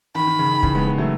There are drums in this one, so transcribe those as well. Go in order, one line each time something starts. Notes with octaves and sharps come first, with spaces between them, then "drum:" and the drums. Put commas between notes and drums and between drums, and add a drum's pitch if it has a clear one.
D#3 B5
D#3
C#3
D#3
C#3 E3, drum: kick
G#3 B3
G#3 B3
F#3 A3